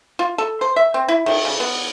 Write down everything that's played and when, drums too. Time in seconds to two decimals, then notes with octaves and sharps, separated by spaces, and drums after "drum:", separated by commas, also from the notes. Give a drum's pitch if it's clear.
0.19 F4
0.38 A4
0.61 C5
0.76 E5
0.94 C4
1.08 E4
1.26 D#3, drum: cymbal
1.45 C#3
1.60 B3